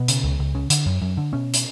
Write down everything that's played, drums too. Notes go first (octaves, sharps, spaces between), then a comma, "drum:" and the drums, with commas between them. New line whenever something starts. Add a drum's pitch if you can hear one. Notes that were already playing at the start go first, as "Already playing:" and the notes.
Already playing: B2 B3
C#3, drum: hi-hat
C#2
C#2
C#3
D3, drum: hi-hat
F#2
F#2
D3
B2 C#4
drum: hi-hat